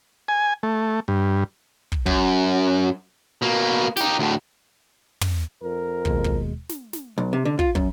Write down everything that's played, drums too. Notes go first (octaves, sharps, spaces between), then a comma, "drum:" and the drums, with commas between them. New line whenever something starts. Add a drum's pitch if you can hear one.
G#5
A3
G2
drum: kick
F#2, drum: kick
B2 A#3
D#4 G4, drum: snare
D2 A2
drum: tom
F2 A#4
D#2 B2 G#3, drum: kick
drum: kick
drum: snare
drum: snare
B1
C3
D3
F4, drum: kick
F#2, drum: kick